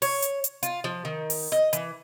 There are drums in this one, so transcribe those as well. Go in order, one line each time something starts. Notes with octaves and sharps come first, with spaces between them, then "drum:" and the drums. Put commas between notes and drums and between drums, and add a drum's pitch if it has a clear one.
C#5, drum: open hi-hat
drum: hi-hat
drum: hi-hat
F4, drum: hi-hat
F3
D#3
drum: open hi-hat
D#5
E3, drum: hi-hat